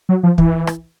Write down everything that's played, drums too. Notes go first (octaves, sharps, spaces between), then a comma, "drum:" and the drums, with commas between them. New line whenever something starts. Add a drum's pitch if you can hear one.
F#3
F3
E3, drum: kick
drum: rim click